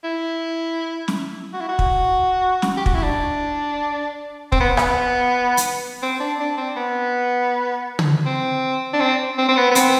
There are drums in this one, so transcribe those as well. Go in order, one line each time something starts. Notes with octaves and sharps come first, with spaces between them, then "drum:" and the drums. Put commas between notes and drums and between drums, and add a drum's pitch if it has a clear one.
E4
drum: snare
F#4
E4
F#4
drum: kick
drum: snare
G4
F#4, drum: kick
E4
D4
C4, drum: kick
B3
B3, drum: rim click
drum: hi-hat
C4
D4
D4
C4
B3
drum: tom
C4
D4
C4
C4
C4
B3
B3
C4, drum: hi-hat